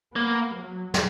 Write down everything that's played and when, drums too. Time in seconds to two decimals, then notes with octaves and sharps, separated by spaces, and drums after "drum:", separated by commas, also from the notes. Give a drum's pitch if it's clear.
0.16 A#3 B3
0.55 F#3
0.94 drum: snare